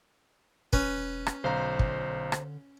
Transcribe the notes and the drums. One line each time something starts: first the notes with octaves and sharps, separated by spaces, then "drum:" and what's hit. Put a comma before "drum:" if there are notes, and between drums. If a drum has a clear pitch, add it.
E1 C#4 B4, drum: kick
drum: rim click
B1 D3 C5 F5 A#5
drum: kick
drum: rim click